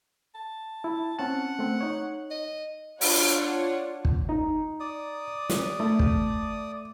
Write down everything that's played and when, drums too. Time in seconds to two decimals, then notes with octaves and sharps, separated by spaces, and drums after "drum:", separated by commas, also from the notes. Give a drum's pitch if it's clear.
0.35 A5
0.84 E4
1.19 C4 C#4 F#5 A5
1.59 A3 C4
1.81 D#4 C#5
2.31 D#5
3.01 D4 F4 C#5 F#5, drum: open hi-hat
4.05 drum: kick
4.29 D#4
4.80 D5 D#6
5.49 drum: snare
5.80 A3
5.99 drum: kick